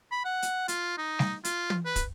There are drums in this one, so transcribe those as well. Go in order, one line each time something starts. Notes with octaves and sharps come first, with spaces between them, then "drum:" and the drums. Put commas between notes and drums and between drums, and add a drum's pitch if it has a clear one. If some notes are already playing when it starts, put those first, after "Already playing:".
B5
F#5
drum: hi-hat
F4, drum: hi-hat
D#4
drum: snare G3
F4, drum: hi-hat
drum: tom
B4
drum: kick, hi-hat